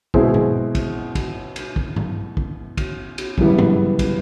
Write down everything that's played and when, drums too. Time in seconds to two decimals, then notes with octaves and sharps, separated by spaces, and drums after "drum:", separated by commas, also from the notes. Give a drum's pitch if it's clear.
0.14 B2 G#3 C4 E4 G#4, drum: kick
0.34 drum: tom G2
0.75 drum: kick, cymbal
1.15 drum: kick, cymbal
1.56 drum: cymbal
1.76 drum: kick
1.96 drum: tom G2
2.37 drum: kick
2.77 drum: kick, cymbal
3.18 drum: cymbal
3.38 F#2 C#3 E3 G3 B3, drum: kick
3.59 drum: tom G2
3.99 drum: kick, cymbal